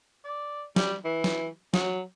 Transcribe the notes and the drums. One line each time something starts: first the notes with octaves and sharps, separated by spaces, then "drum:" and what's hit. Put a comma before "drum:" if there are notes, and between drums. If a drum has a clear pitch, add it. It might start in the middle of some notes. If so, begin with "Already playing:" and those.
D5
G3, drum: snare
E3
drum: snare
F#3, drum: snare